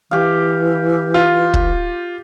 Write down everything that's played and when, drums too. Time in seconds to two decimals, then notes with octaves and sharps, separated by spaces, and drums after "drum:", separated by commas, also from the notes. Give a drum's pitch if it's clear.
0.11 E3 G4 F5
1.14 F4
1.54 drum: kick